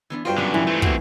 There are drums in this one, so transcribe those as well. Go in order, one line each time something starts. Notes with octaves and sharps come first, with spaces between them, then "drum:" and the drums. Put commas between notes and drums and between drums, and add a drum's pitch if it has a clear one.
E3 B3 D4
G2 F4 F#4 C5 G5
F#2 D3 B3
E3
G#3 A3 C4
A#3 E4 F#4, drum: kick